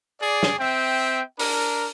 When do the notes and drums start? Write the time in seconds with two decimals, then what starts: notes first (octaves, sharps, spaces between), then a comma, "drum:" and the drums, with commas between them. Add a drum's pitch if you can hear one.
0.20 G#4 D5
0.43 drum: snare
0.59 C4 E5 G5
1.39 D4 A#4, drum: open hi-hat